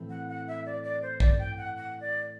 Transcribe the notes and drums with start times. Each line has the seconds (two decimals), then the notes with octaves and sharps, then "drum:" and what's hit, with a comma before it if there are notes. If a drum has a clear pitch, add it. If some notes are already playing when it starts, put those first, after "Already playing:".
Already playing: A2 E3 A3 C4
0.10 F#5
0.28 F#5
0.48 E5
0.66 D5
0.84 D5
1.03 C5
1.20 D5, drum: kick
1.39 G5
1.57 F#5
1.77 F#5
2.01 D5